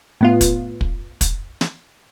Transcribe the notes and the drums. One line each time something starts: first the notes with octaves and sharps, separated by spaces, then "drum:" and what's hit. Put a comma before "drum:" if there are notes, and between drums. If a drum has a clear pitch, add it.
A2 B3 F4
drum: kick, hi-hat
drum: kick
drum: kick, hi-hat
drum: snare